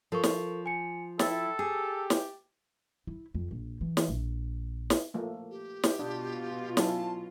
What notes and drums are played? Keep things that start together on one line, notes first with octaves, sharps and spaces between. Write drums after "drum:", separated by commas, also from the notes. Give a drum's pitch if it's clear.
F3 A4 A#4 C#6
drum: snare
G#5 C#7
E4 A4 G5 A6, drum: snare
G4 G#4
drum: snare
E4
F2
A#1
E3
drum: snare
A#1
drum: snare
F3 A3 A#3
G4
drum: snare
B2 D4 F4
F#3 C#4 E4 A5, drum: snare